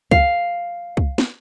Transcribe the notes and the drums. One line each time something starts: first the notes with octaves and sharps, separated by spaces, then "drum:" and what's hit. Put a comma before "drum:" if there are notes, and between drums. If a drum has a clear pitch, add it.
F5, drum: kick
drum: kick
drum: snare